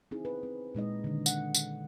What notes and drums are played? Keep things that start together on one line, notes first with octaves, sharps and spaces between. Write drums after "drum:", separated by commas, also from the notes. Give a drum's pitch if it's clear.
C4 D#4 E4 G#4
B4
C4
A#2 G#3 D#4 D#5
D3 D#3
F#5, drum: tambourine
drum: tambourine